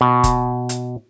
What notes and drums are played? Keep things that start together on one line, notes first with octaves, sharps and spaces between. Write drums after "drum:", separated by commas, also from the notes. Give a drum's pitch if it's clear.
B2
drum: kick, hi-hat
drum: hi-hat